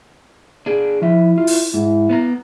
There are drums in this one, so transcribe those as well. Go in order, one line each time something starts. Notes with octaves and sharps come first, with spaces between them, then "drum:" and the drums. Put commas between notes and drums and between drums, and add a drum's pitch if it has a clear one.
D4 G#4
F3 E4 E5
F4
drum: open hi-hat
G#2 E4
B3 B4 A#5